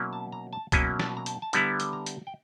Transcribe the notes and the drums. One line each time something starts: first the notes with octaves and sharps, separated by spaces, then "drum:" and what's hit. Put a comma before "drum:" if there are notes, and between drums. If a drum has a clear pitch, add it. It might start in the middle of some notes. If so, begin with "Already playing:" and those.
Already playing: B2 F#3 A#3 C#4 E4
A5
A#5
A5
B2 F#3 A#3 C#4 E4 G#5, drum: kick C#2, hi-hat
A5, drum: snare
A#5
A5, drum: hi-hat
A5
D3 G3 B3 E4 A#5, drum: hi-hat
drum: hi-hat
A#5
drum: hi-hat
G5